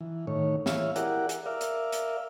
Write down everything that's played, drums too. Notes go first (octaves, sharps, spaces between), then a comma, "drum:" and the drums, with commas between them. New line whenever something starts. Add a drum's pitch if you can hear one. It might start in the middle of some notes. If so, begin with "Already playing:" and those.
E3
A2 D#3 C#5
E3 C#5 E5 F5, drum: snare
E4 G4 G#4 A#4 D5 F#5, drum: hi-hat
drum: hi-hat
A#4 D5 E5 F5
drum: hi-hat
drum: hi-hat